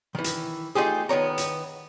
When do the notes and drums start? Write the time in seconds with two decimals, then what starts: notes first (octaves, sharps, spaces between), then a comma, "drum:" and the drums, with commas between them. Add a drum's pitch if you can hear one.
0.15 D#3 E3
0.24 drum: hi-hat
0.75 A3 D#4 F4 G4 G#4
1.09 D#3 B3 C#5 A#5
1.38 drum: hi-hat